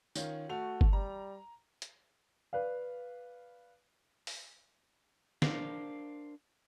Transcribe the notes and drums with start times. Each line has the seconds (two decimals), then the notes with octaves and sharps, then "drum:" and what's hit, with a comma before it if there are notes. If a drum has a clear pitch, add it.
0.15 D#3 C#4 F4, drum: tambourine
0.49 A3 F#4 F7
0.81 drum: kick G1
0.93 G3 A#5
1.82 drum: hi-hat
2.53 B4 D5 F5
4.27 drum: open hi-hat
5.42 D4 A#4 C5 F5, drum: snare